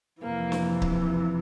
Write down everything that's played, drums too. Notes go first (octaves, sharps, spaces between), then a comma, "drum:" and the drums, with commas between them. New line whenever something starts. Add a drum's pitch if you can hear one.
F2 C3 E3 A#3
drum: snare
drum: kick C#1